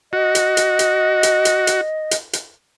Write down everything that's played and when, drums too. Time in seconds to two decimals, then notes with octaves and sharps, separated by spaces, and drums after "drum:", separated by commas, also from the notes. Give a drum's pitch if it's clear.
0.13 F#4 D#5
0.35 drum: hi-hat
0.57 drum: hi-hat
0.79 drum: hi-hat
1.23 drum: hi-hat
1.45 drum: hi-hat
1.67 drum: hi-hat
2.11 drum: hi-hat
2.33 drum: hi-hat